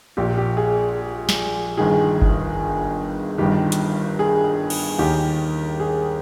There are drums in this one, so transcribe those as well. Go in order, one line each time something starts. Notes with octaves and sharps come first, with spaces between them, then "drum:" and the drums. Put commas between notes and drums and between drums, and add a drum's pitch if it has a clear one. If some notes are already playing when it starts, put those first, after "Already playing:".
A#1 A#2 G4
G4
G#4
drum: snare
G1 G2 D#3 G#4
drum: kick G1
G1 G2 D#3 G4
drum: hi-hat
G#4
drum: cymbal
D#2 D#3 G4
G#4